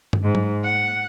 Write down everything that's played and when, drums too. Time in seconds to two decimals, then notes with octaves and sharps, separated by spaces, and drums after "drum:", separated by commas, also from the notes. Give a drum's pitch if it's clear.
0.13 drum: tom
0.24 G#2
0.35 drum: tom F#3
0.64 F#5